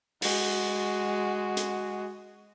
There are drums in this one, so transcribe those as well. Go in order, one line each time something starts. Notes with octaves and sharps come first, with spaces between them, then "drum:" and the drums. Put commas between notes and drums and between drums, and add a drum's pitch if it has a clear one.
G#3 F#4, drum: open hi-hat
drum: hi-hat